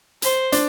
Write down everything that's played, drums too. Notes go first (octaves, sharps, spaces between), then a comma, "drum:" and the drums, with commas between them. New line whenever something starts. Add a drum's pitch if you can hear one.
C5, drum: hi-hat
D4, drum: hi-hat